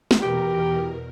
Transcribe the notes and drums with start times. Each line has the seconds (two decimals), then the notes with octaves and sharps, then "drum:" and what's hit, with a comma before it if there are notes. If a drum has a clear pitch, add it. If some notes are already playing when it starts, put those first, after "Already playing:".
0.11 drum: snare
0.22 E2 B2 G4 A#4